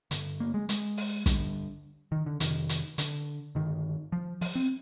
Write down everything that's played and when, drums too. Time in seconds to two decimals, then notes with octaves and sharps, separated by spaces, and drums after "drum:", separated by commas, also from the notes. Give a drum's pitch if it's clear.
0.11 G2 D3, drum: hi-hat
0.40 A#3
0.54 G#3
0.69 G#3, drum: hi-hat
0.97 drum: open hi-hat
1.26 G2 D3, drum: kick, hi-hat
2.12 D#3
2.26 D3
2.40 F2 C3 D#3, drum: hi-hat
2.69 drum: hi-hat
2.98 D3, drum: hi-hat
3.55 G2 D3 D#3
4.12 F3
4.41 F3, drum: open hi-hat
4.55 C4